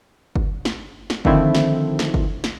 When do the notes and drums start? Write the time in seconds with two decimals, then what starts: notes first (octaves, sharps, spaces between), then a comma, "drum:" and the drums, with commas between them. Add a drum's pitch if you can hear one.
0.36 drum: kick G1
0.65 drum: snare
1.10 drum: snare
1.25 D3 D#3 F3 A3 C4 E4, drum: kick G1
1.55 drum: snare
1.99 drum: snare
2.14 drum: kick G1
2.44 drum: snare